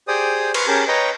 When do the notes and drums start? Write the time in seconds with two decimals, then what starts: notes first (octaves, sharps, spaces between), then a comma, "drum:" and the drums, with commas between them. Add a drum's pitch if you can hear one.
0.08 G4 G#4 C5 D5 D#6
0.54 B4 C6 C#6 F6, drum: cymbal
0.68 C#4 G4 G#4 A#4 A5
0.88 B4 C#5 D#5 G5 A#5